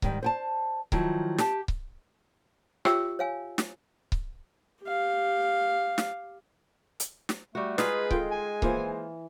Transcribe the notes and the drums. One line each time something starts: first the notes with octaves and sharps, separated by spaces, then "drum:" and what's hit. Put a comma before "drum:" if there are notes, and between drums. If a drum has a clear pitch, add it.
G#2 D#3 G3, drum: kick C#1
C5 G5 A5
D#3 F3 F#3 E4, drum: kick C#1
G4 G5 A5, drum: snare
drum: kick C#1
F4 G4 C#5 E5 G5 E6, drum: rim click
C#5 F5 G#5
drum: snare
drum: kick C#1
G4 F5
drum: snare
drum: hi-hat
drum: snare
G3 A3 F#4
G#3 D#4 F4 G#4 B4, drum: snare
F4 A4 G5, drum: kick C#1
G#5
E3 A#3 F4 C5, drum: kick C#1